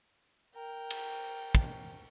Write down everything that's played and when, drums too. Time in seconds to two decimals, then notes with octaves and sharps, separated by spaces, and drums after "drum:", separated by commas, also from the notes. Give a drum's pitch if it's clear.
0.55 A#4 G5
0.90 drum: cymbal
1.55 drum: kick